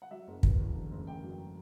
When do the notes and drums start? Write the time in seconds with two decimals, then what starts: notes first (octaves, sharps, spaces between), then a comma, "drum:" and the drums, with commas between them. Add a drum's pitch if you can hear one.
0.02 F#5
0.11 F#3 E5
0.27 F#1
0.43 F#3 B4, drum: kick
0.59 E2
0.75 D3
0.91 F#1
1.07 F#1 G5
1.23 F#3